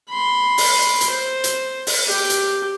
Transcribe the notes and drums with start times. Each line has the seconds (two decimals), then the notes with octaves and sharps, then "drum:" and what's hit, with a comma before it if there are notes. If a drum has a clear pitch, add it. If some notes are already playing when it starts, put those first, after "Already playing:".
0.10 B5 C6
0.58 drum: open hi-hat
1.01 drum: hi-hat
1.11 C5
1.44 drum: hi-hat
1.87 drum: open hi-hat
2.08 G4
2.30 drum: hi-hat